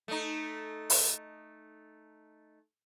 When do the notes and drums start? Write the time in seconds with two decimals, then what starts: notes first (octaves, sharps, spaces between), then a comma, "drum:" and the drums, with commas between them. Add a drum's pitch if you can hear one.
0.08 A3 D#4
0.90 drum: open hi-hat